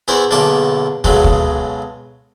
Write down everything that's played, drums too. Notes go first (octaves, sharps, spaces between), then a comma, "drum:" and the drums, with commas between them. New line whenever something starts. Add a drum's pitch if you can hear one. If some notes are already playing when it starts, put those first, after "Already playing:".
E2 E3 E4 A#4 C5
B1 E2 D3 A#3 A5 D6
B1 C#3 F#3 G#3 A3, drum: kick
drum: kick